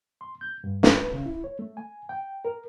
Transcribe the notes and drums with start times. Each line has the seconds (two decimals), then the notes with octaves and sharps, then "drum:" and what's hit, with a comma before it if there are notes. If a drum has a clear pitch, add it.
0.21 C6
0.41 G6
0.64 G2
0.83 drum: snare
0.93 B4
1.13 C#3
1.26 E4
1.44 C#5
1.59 A3
1.77 G#5
2.09 G5
2.45 A#4